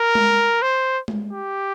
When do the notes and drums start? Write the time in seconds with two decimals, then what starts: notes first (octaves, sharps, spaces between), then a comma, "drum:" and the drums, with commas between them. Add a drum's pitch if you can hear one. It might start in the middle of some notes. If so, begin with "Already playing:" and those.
Already playing: A#4
0.15 drum: tom G#3
0.62 C5
1.08 drum: tom G#3
1.32 G4